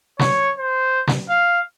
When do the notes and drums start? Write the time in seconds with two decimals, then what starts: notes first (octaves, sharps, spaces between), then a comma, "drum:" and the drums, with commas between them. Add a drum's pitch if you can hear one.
0.19 C#5, drum: snare
0.59 C5
1.07 drum: snare
1.30 F5